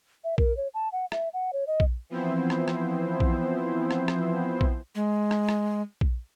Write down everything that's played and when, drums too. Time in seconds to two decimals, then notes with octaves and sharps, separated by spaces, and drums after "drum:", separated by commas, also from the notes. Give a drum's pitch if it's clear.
0.24 E5
0.38 A#4, drum: kick A#1
0.57 C#5
0.74 A5
0.92 F#5
1.12 E5, drum: rim click
1.34 F#5
1.53 C#5
1.67 D#5
1.80 drum: kick A#1
2.09 E3 F3 B3 C4 E4 C5
2.50 drum: rim click
2.68 drum: rim click
3.20 drum: kick A#1
3.91 drum: rim click
4.08 drum: rim click
4.61 drum: kick A#1
4.95 G#3
5.31 drum: rim click
5.49 drum: rim click
6.01 drum: kick A#1